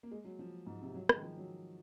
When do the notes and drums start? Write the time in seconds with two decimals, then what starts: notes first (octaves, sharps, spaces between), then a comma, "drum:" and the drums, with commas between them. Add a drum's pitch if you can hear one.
0.03 A#3
0.11 G#3
0.24 F#3
0.39 F3
0.66 G#2
0.82 C3
0.95 F#3
1.09 G#3, drum: rim click
1.16 D#3
1.23 F3
1.37 F#3